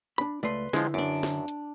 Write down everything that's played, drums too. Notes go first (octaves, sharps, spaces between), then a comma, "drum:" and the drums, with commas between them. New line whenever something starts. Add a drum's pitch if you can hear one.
D4 B5
C#2 A3 B4 D5 C6
D3 F3 G#3 E4, drum: snare
F#2 D4 D6
drum: snare
drum: hi-hat